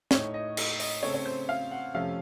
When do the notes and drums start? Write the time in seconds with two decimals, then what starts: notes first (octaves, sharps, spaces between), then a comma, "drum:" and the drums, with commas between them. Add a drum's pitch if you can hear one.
0.11 A2 A3 D#4 C#5, drum: snare
0.34 D#5
0.57 D#5, drum: cymbal
0.80 D#5, drum: open hi-hat
1.03 C#3 A3 C4 C#5
1.14 C#5
1.26 C5
1.49 F5
1.71 F#5
1.94 F2 C3 F3 A3 C#4 F5